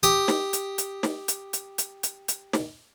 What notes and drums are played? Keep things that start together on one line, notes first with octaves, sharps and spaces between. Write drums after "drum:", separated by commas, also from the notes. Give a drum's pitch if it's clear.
G4 D#6, drum: hi-hat
drum: snare
drum: hi-hat
drum: hi-hat
drum: snare
drum: hi-hat
drum: hi-hat
drum: hi-hat
drum: hi-hat
drum: hi-hat
drum: snare